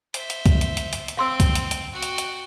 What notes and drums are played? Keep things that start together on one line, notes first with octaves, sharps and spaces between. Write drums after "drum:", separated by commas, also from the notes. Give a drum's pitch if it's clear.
C5 E5, drum: hi-hat
drum: hi-hat
drum: kick, hi-hat
drum: hi-hat
drum: hi-hat
drum: hi-hat
drum: hi-hat
C4 F5 C6 E6
drum: kick, hi-hat
drum: hi-hat
drum: hi-hat
F#4 G5
drum: hi-hat
drum: hi-hat